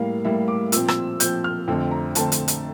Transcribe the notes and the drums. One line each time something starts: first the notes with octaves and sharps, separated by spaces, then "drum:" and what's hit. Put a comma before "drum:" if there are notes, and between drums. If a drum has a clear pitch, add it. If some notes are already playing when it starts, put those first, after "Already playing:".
Already playing: A2 G3 A#3 F5
A2 G3 A#3 E5
D6
A#2 F3 C4 E6, drum: hi-hat
E6, drum: rim click
A#2 F3 C4 G6, drum: hi-hat
F6
F2 D3 A3 C4
A#5
F2 D3 A3 C4 A5, drum: hi-hat
drum: hi-hat
drum: hi-hat